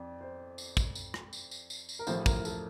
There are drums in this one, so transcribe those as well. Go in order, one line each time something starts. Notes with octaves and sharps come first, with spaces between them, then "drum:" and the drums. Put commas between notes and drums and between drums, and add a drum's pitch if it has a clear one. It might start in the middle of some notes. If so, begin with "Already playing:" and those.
Already playing: F2 D5
C5
drum: tambourine
drum: kick, tambourine
drum: tambourine
drum: rim click
drum: tambourine
drum: tambourine
drum: tambourine
drum: tambourine
A#4
A1 A2 F3 A3 C5, drum: tambourine
A#4, drum: kick, tambourine
A4, drum: tambourine